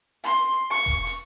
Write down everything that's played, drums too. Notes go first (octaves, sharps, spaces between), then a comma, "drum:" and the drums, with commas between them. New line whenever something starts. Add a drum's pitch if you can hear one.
C6, drum: hi-hat
C#6
drum: kick E1, hi-hat
drum: hi-hat